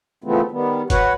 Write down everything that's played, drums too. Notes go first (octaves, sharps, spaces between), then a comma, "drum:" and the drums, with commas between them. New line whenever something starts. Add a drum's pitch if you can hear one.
C#3 E3 F3 A3 B3 C4
D#3 G3 B3
F#4 B4 C#5 F#5, drum: kick, hi-hat